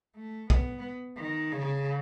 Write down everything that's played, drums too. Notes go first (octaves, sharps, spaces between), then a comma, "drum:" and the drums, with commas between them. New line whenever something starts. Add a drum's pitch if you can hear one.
A3
B3, drum: kick B1
D#3
C#3